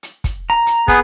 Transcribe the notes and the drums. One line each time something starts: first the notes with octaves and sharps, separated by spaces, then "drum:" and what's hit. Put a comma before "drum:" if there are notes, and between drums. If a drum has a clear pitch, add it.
drum: hi-hat
drum: kick, hi-hat
A#5
drum: hi-hat
B3 G#4 B4, drum: kick, hi-hat